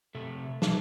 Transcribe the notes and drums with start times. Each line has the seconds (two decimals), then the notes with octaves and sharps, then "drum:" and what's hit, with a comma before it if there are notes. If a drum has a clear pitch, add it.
0.15 C3 A3 A4 E5
0.62 D#4 A5, drum: snare